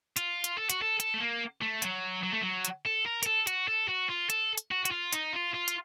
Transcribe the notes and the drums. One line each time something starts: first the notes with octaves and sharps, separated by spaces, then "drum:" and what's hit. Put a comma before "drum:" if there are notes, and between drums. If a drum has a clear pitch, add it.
F4, drum: hi-hat
drum: hi-hat
A4
F#4, drum: hi-hat
A4
A4, drum: hi-hat
A3
A#3
A3
F#3, drum: hi-hat
F#3
A3
F#3
drum: hi-hat
A4
A#4
A#4, drum: hi-hat
A4
F#4, drum: hi-hat
A4
F#4
F4
A4, drum: hi-hat
drum: hi-hat
F#4
F#4, drum: hi-hat
F4
D#4, drum: hi-hat
F4
F4
drum: hi-hat